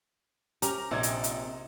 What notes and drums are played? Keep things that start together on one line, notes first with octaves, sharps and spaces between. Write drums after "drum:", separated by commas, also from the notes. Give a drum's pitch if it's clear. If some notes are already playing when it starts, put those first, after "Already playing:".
C#4 G4 A#4 A#5, drum: hi-hat
A#1 C3 C4 D#4 G#6
drum: hi-hat
drum: hi-hat